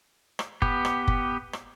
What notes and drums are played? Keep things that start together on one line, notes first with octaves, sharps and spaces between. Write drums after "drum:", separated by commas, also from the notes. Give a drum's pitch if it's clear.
drum: rim click
B3 G4, drum: kick F#1
drum: rim click
drum: kick F#1
drum: rim click